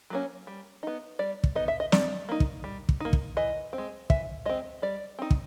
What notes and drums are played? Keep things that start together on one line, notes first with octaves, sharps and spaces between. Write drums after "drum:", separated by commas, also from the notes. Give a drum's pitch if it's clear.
F#3 A#3 C#4
G3
B3 D#4
G3 D5
drum: kick
B3 D#4 D#5
E5
D#5
G3 D5, drum: snare
A#3 D#4
drum: kick
G3
drum: kick
A#3 D#4
drum: kick
E3 D#5
C4
G#3
E3 E5, drum: kick
G#3 C4 D#5
G3 D5
C4 D#4
drum: kick